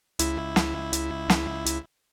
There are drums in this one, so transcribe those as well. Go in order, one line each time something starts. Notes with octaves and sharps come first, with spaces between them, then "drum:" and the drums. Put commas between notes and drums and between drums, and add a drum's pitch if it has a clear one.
C#2 E4, drum: hi-hat
drum: snare
drum: hi-hat
drum: snare
drum: hi-hat